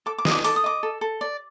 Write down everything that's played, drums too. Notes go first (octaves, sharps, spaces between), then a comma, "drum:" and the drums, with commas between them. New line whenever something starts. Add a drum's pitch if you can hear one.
A4 D6
D6
D#5, drum: snare
D6
A4 D6, drum: open hi-hat
D#6
D#5 D6
A4
A4
D5